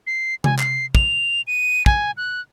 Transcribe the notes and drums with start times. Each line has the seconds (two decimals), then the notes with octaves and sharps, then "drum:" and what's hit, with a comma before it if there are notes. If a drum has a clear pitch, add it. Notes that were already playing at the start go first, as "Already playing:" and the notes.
0.07 C7
0.44 G#5, drum: tom C3
0.59 C7, drum: clap
0.95 F7, drum: kick
1.47 D#7
1.86 G#5, drum: kick
2.17 F#6